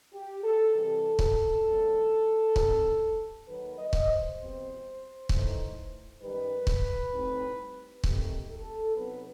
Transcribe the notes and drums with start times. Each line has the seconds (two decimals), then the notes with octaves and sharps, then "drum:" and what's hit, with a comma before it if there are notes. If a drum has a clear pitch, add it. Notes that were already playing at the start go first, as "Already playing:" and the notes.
0.12 G4
0.43 A4
0.73 C3 E3 G3 C4 A4
1.19 drum: kick C#1
1.64 E2 D#3 F#3 A3
2.56 C3 E3 G3 C4 D#4, drum: kick C#1
3.47 D#2 D#3 F#3 B4
3.77 D#5
3.93 drum: kick C#1
4.08 C5
4.38 E2 B2 G3 C4
5.29 A2 E3 A3 D#4, drum: kick C#1
6.21 F#2 D#3 G3 D#4 B4
6.67 drum: kick C#1
7.13 A2 G3 C4 D#4
8.04 D#2 D#3 A3 C4 D#4 G4, drum: kick C#1
8.50 A4
8.95 C3 F#3 B3 D#4 B4